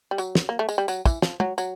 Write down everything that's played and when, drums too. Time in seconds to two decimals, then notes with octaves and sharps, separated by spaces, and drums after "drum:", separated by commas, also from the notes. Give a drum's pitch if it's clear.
0.11 G3
0.18 F#3, drum: tambourine
0.35 drum: snare
0.49 A#3
0.59 A3
0.69 G#3, drum: tambourine
0.78 G3
0.88 F#3, drum: tambourine
1.05 E3, drum: kick, tambourine
1.22 F3, drum: snare
1.40 F#3, drum: tom
1.58 F#3, drum: tambourine